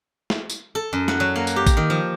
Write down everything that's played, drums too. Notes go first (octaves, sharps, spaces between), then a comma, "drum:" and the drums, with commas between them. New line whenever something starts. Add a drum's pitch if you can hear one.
drum: snare
drum: tambourine
A4
F#2
F#5, drum: snare
F#3
A#3
drum: tambourine
G4
drum: kick A1, tambourine
D#3
F3